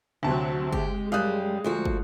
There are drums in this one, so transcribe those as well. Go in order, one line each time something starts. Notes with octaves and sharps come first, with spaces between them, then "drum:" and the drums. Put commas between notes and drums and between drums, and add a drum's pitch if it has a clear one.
D2 C3 F#3 C4 A5
G#3 G4, drum: kick
F#2 G3 F5 D#6 F#6
D2 F3 F#4
drum: kick